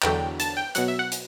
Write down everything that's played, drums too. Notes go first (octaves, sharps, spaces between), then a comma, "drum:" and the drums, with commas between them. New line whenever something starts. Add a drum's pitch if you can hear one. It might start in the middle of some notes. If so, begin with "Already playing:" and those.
E2 D3 F#3 G5, drum: clap
A5, drum: hi-hat
G5
B2 F#3 F#5, drum: hi-hat
E5
F#5
drum: hi-hat